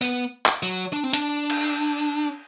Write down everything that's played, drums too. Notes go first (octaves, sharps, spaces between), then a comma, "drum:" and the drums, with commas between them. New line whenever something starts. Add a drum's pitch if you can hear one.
B3, drum: tambourine
drum: clap
F#3
D4
C4
D4, drum: hi-hat
drum: cymbal